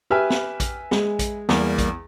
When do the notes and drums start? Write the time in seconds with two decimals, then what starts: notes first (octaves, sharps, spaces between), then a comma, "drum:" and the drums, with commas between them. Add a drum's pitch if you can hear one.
0.10 G4 B4 E5 G#5 F6
0.30 drum: snare
0.60 drum: kick A#1, hi-hat
0.91 G#3, drum: snare
1.19 drum: kick A#1, hi-hat
1.49 E2 G3 A#3 A#4, drum: snare
1.78 drum: kick A#1, hi-hat